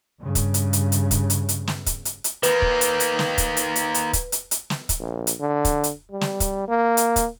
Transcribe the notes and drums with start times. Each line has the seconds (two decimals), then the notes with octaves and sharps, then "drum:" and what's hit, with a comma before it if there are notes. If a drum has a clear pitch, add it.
0.20 G2 C#3
0.35 drum: kick, hi-hat
0.54 drum: hi-hat
0.73 drum: hi-hat
0.92 drum: hi-hat
1.11 drum: kick, hi-hat
1.30 drum: hi-hat
1.49 drum: hi-hat
1.68 drum: snare
1.86 drum: kick, hi-hat
2.05 drum: hi-hat
2.24 drum: hi-hat
2.43 D#3 A#3 B4, drum: hi-hat
2.62 drum: kick
2.81 drum: hi-hat
3.00 drum: hi-hat
3.19 drum: snare
3.38 drum: kick, hi-hat
3.57 drum: hi-hat
3.76 drum: hi-hat
3.94 drum: hi-hat
4.13 drum: kick, hi-hat
4.32 drum: hi-hat
4.51 drum: hi-hat
4.70 drum: snare
4.89 drum: kick, hi-hat
4.99 A#1
5.27 drum: hi-hat
5.40 D3
5.65 drum: kick, hi-hat
5.84 drum: hi-hat
6.11 G3
6.21 drum: snare
6.40 drum: kick, hi-hat
6.68 A#3
6.97 drum: hi-hat
7.16 drum: kick, hi-hat